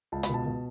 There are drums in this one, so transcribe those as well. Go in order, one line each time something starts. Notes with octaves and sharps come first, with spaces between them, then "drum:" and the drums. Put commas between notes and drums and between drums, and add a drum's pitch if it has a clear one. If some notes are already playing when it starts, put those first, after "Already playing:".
C#2 A5
B5, drum: hi-hat
B2 A5
B2